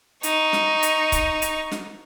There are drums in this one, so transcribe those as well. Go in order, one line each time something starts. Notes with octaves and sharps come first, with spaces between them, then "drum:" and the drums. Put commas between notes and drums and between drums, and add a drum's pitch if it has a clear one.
D#4 C#6, drum: hi-hat
drum: snare
drum: hi-hat
drum: kick C#1, hi-hat
drum: hi-hat
drum: snare